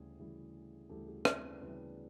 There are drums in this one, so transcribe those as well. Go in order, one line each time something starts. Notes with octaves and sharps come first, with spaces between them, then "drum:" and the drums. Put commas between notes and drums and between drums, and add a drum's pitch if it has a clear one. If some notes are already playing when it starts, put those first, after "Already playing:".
Already playing: D2 C#3 E3 G3 G#4
D2 C#3 E3 G3
D2 C#3 E3 G3 G4 A4
F#4 G#4
C4 D4, drum: rim click
B3 C#4
D2 C#3 E3 G3 B3 C#4